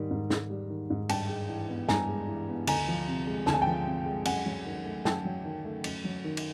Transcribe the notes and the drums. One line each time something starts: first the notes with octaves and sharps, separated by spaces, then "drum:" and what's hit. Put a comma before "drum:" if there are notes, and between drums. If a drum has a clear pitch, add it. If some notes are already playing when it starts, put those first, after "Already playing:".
Already playing: G#2 D#3 G3
G#2
G#2, drum: snare
G3
D#3
G#2
G2 G5 A5, drum: cymbal
G#3
E3
B3
G2 G#5 A#5, drum: snare
G#3
E3
B3
D2 G#5 A#5, drum: cymbal
F3
C3
G#3
D2 A5, drum: snare
G#5
G5 A5
F3
C3
G#3
F#2 F#5 G#5, drum: cymbal
F#3
D#3
A3
F#2 G5 A5, drum: snare
F#3
D#3
A3
F#2, drum: cymbal
F#3
D#3
drum: cymbal